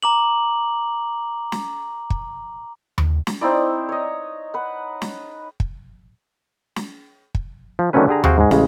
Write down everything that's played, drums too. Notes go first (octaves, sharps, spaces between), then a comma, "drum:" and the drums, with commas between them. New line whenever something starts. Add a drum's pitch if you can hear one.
A#5 D6 F#7
drum: snare
drum: kick
drum: tom D#2
drum: snare
C4 D#4 E4 D5
C#5 D#5
B4 F#5
drum: snare
drum: kick
drum: snare
drum: kick
F3
D3 D#3 F#3 A3 C#4 B4
D3 G4 G#4 A#5
C3 C4 F#4 G#4 F5 G5, drum: tom D#2
G#2 G#3
A1 C#3 G#3, drum: snare